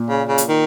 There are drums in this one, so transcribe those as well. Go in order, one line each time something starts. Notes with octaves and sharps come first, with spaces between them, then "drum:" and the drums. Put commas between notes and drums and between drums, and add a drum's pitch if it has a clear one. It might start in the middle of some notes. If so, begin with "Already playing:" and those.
Already playing: A#2
C#3
C#3
drum: hi-hat
D#3